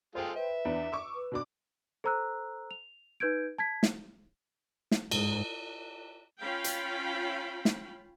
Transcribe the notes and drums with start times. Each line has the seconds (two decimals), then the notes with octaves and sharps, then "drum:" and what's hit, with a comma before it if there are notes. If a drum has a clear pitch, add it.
0.15 G#3 F4 A4 C5 G5
0.36 B4 E5
0.65 E2 D4
0.92 C#6 D6 E6
1.15 B4
1.32 B2 D4 D6
2.04 A4 C5 A#5 E6 F#6
2.71 F7
3.20 D#4 B4 G6 G#6 D7
3.58 A5 G#6 B6
3.83 drum: snare
4.91 drum: snare
5.11 G#2, drum: cymbal
6.40 C#4 F4 F5 G5 B5
6.64 drum: hi-hat
7.65 drum: snare